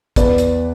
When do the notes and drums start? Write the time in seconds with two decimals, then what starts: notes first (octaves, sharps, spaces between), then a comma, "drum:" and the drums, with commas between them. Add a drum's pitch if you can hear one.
0.16 E2 B4 D5, drum: kick, hi-hat
0.38 drum: hi-hat